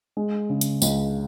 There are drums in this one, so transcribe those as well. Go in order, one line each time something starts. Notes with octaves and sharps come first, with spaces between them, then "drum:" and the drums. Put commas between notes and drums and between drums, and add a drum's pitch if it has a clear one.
G#3
C#3
drum: hi-hat
C#2, drum: tambourine